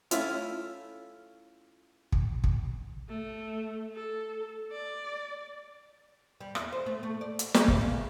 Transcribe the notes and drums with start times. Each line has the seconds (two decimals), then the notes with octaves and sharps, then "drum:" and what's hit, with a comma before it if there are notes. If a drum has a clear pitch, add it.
0.11 A3 C#4 E4 F4, drum: hi-hat
2.12 drum: kick
2.44 drum: kick
3.09 A3
3.94 A4
4.72 D5
6.41 G3
6.55 E2, drum: rim click
6.72 C5
6.86 A3
7.03 A3
7.21 D5
7.39 drum: hi-hat
7.54 A3, drum: snare
7.68 G2, drum: kick
7.81 C#3